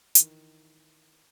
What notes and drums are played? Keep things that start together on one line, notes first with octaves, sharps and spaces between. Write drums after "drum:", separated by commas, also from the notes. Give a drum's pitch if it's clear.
D#3 E3, drum: hi-hat